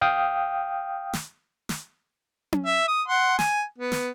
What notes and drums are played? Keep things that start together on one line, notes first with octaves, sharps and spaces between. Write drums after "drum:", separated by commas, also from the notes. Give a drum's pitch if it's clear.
F5 G5 D#6
drum: snare
drum: snare
drum: tom C#4
E5
D#6
F#5 C6
G#5, drum: snare
B3
drum: snare